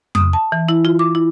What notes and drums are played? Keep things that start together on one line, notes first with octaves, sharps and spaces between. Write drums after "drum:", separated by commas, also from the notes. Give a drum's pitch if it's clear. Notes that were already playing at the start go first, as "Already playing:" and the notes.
D#6, drum: tom F2
A5
E3
E4
F4
D6
E4